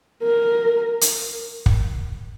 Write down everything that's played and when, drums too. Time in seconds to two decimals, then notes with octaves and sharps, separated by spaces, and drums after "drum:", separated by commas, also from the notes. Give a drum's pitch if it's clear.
0.23 A#4
1.01 drum: hi-hat
1.66 drum: kick